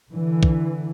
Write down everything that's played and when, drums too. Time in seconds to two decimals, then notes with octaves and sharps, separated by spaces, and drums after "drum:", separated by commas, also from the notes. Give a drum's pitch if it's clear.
0.11 D3 E3
0.43 drum: kick